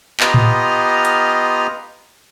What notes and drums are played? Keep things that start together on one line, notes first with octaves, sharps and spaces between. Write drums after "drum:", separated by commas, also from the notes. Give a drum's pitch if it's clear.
B3 F4 G4 D#5 A#5 F6, drum: clap
drum: tom A2
drum: hi-hat